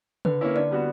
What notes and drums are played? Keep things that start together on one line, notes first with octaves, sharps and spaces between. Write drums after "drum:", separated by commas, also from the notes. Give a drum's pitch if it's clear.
D3 B4, drum: tom
A#3 C#4 E4
D3 D5
G3 B3 F#4